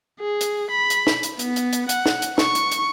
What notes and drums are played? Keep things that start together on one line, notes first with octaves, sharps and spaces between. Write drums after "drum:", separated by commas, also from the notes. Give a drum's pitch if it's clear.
G#4
drum: hi-hat
B5
drum: hi-hat
drum: snare
drum: hi-hat
B3, drum: hi-hat
drum: hi-hat
drum: hi-hat
F#5, drum: hi-hat
drum: snare
drum: hi-hat
C#6, drum: snare
drum: hi-hat
drum: hi-hat